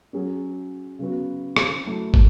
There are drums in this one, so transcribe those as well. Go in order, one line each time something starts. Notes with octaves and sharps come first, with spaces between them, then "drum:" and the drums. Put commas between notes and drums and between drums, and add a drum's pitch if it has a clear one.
F#3 C#4 G#4
C#3 F#3 B3 F#4
drum: rim click
F#3 A3 E4
drum: kick